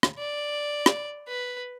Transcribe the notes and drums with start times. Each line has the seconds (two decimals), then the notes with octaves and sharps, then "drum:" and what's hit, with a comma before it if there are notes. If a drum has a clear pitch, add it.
0.03 drum: rim click
0.19 D5
0.86 drum: rim click
1.28 B4